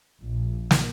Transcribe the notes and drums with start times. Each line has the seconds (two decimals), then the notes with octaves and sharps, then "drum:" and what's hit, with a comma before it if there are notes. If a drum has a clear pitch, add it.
0.20 A#1
0.71 drum: snare